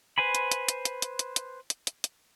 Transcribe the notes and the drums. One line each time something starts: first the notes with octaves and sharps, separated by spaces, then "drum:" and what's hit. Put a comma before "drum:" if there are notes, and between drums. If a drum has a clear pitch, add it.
B4 C5 G#5 B5
drum: hi-hat
drum: hi-hat
drum: hi-hat
drum: hi-hat
drum: hi-hat
drum: hi-hat
drum: hi-hat
drum: hi-hat
drum: hi-hat
drum: hi-hat